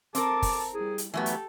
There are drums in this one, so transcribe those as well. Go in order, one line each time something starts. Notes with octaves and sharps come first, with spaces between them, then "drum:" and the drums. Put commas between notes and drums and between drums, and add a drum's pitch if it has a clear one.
C4 A4 A#4 A5 D6, drum: hi-hat
drum: kick, open hi-hat
G3 E4 G#4
drum: hi-hat
E3 F#3 A3 B3 G4 A4
drum: hi-hat